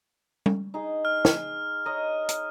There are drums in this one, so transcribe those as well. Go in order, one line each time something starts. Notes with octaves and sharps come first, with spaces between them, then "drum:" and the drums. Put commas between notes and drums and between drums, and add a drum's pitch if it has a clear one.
drum: tom G3
D#4 G#4
F6
drum: snare
C#5 D#5 A#5
drum: hi-hat